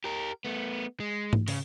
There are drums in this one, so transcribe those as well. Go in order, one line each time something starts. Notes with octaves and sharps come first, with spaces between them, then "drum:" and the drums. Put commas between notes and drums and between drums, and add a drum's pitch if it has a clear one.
G4 A#4
A3 B3
G#3
drum: tom G#2
C#3, drum: open hi-hat